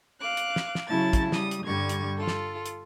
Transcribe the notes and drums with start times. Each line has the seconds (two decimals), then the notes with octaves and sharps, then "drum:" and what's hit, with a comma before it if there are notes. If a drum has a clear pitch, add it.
0.20 F5 D6 F#6
0.37 drum: hi-hat
0.56 drum: snare
0.75 drum: snare
0.88 C#3 F#3 E4 A5 A6
1.13 drum: kick, hi-hat
1.32 G3 D#6, drum: snare
1.51 drum: hi-hat
1.66 G2 D3 G3 C#6 G#6
1.89 drum: hi-hat
2.17 F4 A4
2.27 drum: snare
2.66 drum: hi-hat